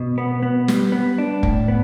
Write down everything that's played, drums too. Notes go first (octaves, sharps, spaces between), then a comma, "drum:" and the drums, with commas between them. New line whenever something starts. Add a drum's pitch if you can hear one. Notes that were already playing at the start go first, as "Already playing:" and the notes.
Already playing: B2
B3
B3
G3, drum: snare
B3
D4
A2, drum: kick
B3